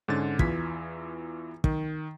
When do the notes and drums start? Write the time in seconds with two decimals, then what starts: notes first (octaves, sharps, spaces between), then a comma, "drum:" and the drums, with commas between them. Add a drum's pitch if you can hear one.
0.08 G#2 D3 C#4 A6
0.39 E2 E3 F4 G#6 B6, drum: kick
1.64 D#3, drum: kick